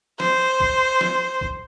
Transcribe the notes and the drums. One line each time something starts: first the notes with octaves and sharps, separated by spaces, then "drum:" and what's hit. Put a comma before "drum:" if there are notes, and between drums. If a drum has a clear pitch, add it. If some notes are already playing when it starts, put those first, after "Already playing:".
C5, drum: snare
drum: kick
drum: snare
drum: kick